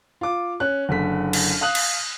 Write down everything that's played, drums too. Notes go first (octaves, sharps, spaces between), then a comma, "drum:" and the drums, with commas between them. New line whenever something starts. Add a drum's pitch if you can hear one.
F4 D6
C#4 F#6
F#1 D3 B6
drum: cymbal
F5 D#6 F#6 F#7
drum: cymbal